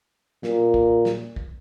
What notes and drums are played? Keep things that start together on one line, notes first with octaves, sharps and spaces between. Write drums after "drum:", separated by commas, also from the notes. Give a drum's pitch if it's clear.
A#2, drum: snare
drum: kick
drum: snare
drum: kick